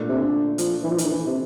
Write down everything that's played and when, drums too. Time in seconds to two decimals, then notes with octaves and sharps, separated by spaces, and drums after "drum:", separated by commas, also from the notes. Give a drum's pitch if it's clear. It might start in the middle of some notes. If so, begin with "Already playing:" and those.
Already playing: A#2 A3 D4
0.09 C3
0.19 D3
0.58 F3, drum: hi-hat
0.83 E3
0.91 F3
0.98 E3, drum: hi-hat
1.05 D3
1.09 E3
1.27 C3